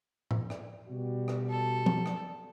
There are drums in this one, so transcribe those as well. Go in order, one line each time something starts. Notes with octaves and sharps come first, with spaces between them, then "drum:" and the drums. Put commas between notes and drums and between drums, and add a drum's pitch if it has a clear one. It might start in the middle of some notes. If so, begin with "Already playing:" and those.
drum: tom A2
drum: rim click
B2 G3 F#4
drum: rim click
A4
drum: tom F3
drum: rim click